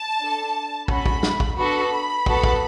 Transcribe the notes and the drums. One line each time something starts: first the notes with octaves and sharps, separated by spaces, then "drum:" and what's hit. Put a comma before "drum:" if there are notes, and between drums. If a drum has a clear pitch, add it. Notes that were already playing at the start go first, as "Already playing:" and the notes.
Already playing: A5
D4 A4
C#4 F#4 A4 B5, drum: kick
drum: kick
drum: snare
drum: kick
B3 D4 F#4 A4 B5
B3 F#4 A4, drum: kick
drum: kick